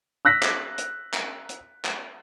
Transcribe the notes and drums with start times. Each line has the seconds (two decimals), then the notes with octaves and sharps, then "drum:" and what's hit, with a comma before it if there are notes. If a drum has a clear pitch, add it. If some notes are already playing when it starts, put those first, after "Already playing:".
0.25 E6 F#6 A#6 B6
0.43 drum: clap
0.78 drum: hi-hat
1.14 drum: clap
1.49 drum: hi-hat
1.85 drum: clap